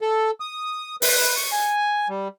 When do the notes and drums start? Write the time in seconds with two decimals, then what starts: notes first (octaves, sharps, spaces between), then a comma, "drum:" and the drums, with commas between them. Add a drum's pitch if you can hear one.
0.01 A4
0.40 D#6
1.02 B4, drum: open hi-hat
1.36 C#6
1.52 G#5
2.09 G3